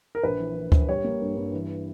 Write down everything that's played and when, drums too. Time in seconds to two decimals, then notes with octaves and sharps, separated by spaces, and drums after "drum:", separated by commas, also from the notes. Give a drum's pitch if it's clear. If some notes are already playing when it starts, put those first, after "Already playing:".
0.15 A#4
0.24 A#1 B4
0.40 E3
0.56 E3
0.72 A#1, drum: kick D2
0.89 G3 C#5
1.04 A#3
1.21 G2
1.37 G2
1.53 E3